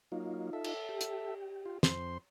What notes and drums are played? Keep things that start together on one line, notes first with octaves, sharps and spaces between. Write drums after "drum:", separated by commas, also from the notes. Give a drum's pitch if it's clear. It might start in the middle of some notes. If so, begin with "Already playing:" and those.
F#3 A#3 D#4 F4
A4 E5
drum: cymbal
G4
drum: hi-hat
F4
F2 C5 C6, drum: snare